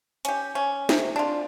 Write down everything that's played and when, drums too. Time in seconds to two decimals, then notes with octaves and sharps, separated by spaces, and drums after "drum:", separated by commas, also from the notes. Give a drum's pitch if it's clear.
0.25 C#4 G4, drum: hi-hat
0.55 C#4
0.89 C3, drum: snare
1.16 D4 F4